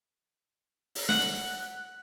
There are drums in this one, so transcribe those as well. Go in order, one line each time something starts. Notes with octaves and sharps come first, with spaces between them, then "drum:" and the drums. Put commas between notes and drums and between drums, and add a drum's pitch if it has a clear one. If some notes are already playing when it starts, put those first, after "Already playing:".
drum: open hi-hat
F#5, drum: snare